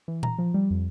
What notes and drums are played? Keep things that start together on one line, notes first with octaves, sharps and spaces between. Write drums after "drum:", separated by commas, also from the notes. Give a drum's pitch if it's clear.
E3
A#5, drum: tom A#2
F3
G3
F2